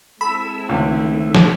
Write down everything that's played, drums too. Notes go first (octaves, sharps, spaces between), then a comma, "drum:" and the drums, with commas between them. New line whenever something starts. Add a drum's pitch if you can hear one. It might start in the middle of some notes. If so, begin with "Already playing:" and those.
G#3 C4 E4 A4 B5 E6
C#2 D#3 A3 E5
drum: snare